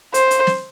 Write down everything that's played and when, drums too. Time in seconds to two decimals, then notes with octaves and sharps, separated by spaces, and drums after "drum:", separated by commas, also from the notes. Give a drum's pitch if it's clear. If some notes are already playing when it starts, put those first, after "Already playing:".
0.14 C5, drum: hi-hat
0.31 drum: hi-hat
0.47 drum: snare